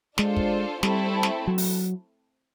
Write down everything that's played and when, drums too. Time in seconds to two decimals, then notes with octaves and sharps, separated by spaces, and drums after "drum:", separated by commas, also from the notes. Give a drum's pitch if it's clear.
0.18 G#3 D4 F4 A4 C5, drum: snare
0.36 drum: kick
0.83 G3 A3 C4 E4 A4, drum: snare
1.23 drum: snare
1.47 F#3
1.58 drum: open hi-hat